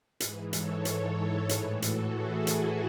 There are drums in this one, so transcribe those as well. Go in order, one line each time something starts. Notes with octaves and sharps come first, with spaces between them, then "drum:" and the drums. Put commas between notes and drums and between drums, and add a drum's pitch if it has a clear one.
G#2 E3 G#4 B4, drum: hi-hat
A4 C#5, drum: hi-hat
A4 C#5, drum: hi-hat
A4 C#5
A2 E3 G#4 B4, drum: hi-hat
F#4 A4, drum: hi-hat
E4 G#4
drum: hi-hat